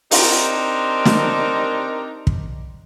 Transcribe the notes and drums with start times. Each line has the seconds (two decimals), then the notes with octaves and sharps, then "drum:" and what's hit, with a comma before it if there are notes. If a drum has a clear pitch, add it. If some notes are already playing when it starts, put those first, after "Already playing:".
0.11 C4 D4 D#4 G4 A#4, drum: open hi-hat
1.05 drum: snare
2.27 drum: kick